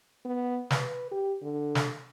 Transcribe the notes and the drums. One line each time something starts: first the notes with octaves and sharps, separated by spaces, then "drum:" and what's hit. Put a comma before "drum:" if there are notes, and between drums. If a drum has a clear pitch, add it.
B3
B4, drum: snare
G4
D3
drum: snare